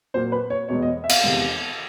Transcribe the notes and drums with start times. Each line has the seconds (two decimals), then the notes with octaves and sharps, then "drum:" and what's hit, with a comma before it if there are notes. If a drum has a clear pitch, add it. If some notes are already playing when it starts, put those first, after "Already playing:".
0.14 A#2 F#3 A#3 C5
0.32 B4
0.50 C#5
0.68 E2 B2 G#3 C#5
0.82 D#5
1.04 E5
1.09 F5, drum: cymbal
1.24 E2 C3 D#3 G#3